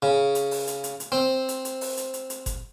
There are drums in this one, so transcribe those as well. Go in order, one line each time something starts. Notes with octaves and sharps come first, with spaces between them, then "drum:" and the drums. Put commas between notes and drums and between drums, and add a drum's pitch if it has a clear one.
C#3
drum: hi-hat
drum: open hi-hat
drum: hi-hat
drum: hi-hat
drum: hi-hat
C4
drum: hi-hat
drum: hi-hat
drum: open hi-hat
drum: hi-hat
drum: hi-hat
drum: hi-hat
drum: kick F#1, hi-hat